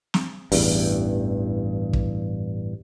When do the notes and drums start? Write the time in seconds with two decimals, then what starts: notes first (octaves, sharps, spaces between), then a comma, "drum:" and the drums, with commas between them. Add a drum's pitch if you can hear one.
0.14 drum: snare
0.52 A1 E2 G2, drum: open hi-hat
1.93 drum: kick